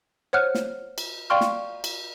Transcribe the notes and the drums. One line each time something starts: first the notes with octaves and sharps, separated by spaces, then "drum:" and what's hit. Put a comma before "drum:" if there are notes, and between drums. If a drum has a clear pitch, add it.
C5 C#5 F#5 F6 F#6
drum: snare
drum: cymbal
D5 F5 G5 C6 C#6 F6
drum: snare
drum: cymbal